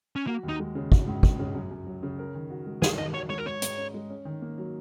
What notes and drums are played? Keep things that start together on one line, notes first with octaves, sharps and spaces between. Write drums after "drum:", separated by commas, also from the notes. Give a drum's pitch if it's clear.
C#4
A#3 F#4
D#2
D#4
G#3
C#3
F#4, drum: kick
C#2
G#3, drum: kick
C#3
F#2
F#2
F#3
C#3
A#4
D#3
F#4
G#3
G#4 A#4, drum: snare
D#3 D#5
F#4 C#5
G#3 C#5
A#4
G#2 C#5
G#2, drum: hi-hat
C#4
G#3
C#4
D#3
A#3
F#3